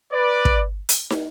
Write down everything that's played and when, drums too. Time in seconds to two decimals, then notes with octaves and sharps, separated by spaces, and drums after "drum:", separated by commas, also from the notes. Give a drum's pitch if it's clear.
0.12 B4 D5
0.45 drum: kick
0.89 drum: hi-hat
1.10 drum: snare